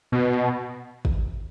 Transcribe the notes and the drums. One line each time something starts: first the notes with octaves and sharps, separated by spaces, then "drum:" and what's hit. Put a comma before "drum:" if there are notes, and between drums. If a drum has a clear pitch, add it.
B2
drum: kick G#1